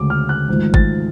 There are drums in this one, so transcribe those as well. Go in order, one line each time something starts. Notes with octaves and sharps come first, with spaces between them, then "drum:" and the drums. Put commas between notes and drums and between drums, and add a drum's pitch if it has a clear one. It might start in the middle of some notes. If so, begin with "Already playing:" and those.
Already playing: D2 C#3 G#3 D6
F6
F#6
G#1 G#2 F3 A3
A6, drum: kick G#1